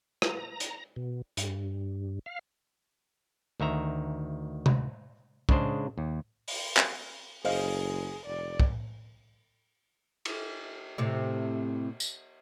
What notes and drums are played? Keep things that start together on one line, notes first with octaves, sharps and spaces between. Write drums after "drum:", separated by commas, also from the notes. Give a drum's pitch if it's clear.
A#5, drum: rim click
drum: hi-hat
B2
G2, drum: hi-hat
F5
D2 D#3 E5 A#5
drum: tom C3
C#3 G#3 D4 C5, drum: kick
D#2
drum: open hi-hat
drum: clap
F#1 G#4 C5 D#5 F5, drum: open hi-hat
F1 D5
drum: kick
drum: cymbal
A2 C3
drum: tambourine